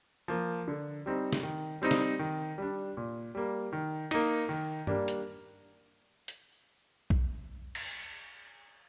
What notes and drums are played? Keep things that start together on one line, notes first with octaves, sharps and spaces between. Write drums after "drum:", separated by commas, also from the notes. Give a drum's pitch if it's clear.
F3 A#3
D3
G3 C4 D#4
drum: snare
D#3
G3 C4 D#4
drum: snare
D#3
G3 D4
A#2
G3 A#3
D#3
A#3 D#4, drum: cymbal
D#3
G3 A#3 D4, drum: tom G2
drum: hi-hat
drum: hi-hat
drum: kick B1
drum: cymbal